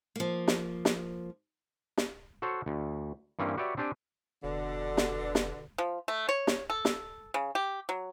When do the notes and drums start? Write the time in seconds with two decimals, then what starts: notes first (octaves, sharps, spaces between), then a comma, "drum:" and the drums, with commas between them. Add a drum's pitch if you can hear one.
0.16 F3 A#3
0.48 drum: snare
0.85 drum: snare
1.98 drum: snare
2.42 F#4 A4 C5 C#5
2.66 D2
3.39 G2 E3 A#3 C4 C#4
3.57 F#4 G4 B4 C#5 D5 E5
3.77 C4 D4 G4 D5 G#5
4.44 F1 B2 D3
4.97 drum: snare
5.35 drum: snare
5.78 F3
6.08 A3
6.29 C#5
6.47 drum: snare
6.70 A4
6.85 drum: snare
7.34 C#3
7.55 G4
7.89 F#3